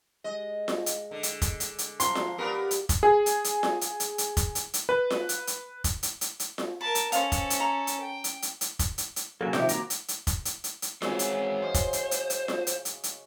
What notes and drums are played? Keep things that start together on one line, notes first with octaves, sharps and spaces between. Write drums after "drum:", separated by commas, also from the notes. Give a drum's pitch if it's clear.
G#3 D#5
drum: snare F4
drum: hi-hat
D3
drum: hi-hat
drum: kick, hi-hat
drum: hi-hat
drum: hi-hat
F3 A#5 C6, drum: hi-hat
drum: snare F4
B3 G4 A#4 B4 D5
drum: hi-hat
drum: kick, hi-hat
G#4
drum: hi-hat
drum: hi-hat
drum: snare F4
drum: hi-hat
drum: hi-hat
drum: hi-hat
drum: kick, hi-hat
drum: hi-hat
drum: hi-hat
B4
drum: snare F4
drum: hi-hat
drum: hi-hat
drum: kick, hi-hat
drum: hi-hat
drum: hi-hat
drum: hi-hat
drum: snare F4
A#4 A5 B5
drum: hi-hat
C#4 A4 C5 F5, drum: hi-hat
drum: kick, hi-hat
drum: hi-hat
A#5
drum: hi-hat
G5
drum: hi-hat
drum: hi-hat
drum: hi-hat
drum: kick, hi-hat
drum: hi-hat
drum: hi-hat
C#3 F#3 A#3 A4
C#2 C3 D#3 F3 A3 G4 D#5, drum: snare F4
F#3 A#3 C4 A#5 D6, drum: hi-hat
drum: hi-hat
drum: hi-hat
drum: kick, hi-hat
drum: hi-hat
drum: hi-hat
drum: hi-hat
C#3 E3 G#3 C4 F#4, drum: snare F4
drum: hi-hat
C5 C#5 D#5 F5
drum: kick, hi-hat
drum: hi-hat
drum: hi-hat
drum: hi-hat
drum: snare F4
drum: hi-hat
drum: hi-hat
drum: hi-hat